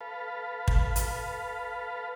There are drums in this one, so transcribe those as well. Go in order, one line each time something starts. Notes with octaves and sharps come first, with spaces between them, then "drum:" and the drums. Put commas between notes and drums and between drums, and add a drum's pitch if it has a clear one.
A4 B4 F5
drum: kick
drum: hi-hat